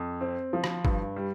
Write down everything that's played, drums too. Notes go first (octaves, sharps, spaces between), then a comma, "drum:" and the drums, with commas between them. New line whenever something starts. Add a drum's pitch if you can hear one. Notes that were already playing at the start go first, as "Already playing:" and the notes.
Already playing: F2
C4
F3
drum: rim click
G2, drum: kick G1
G3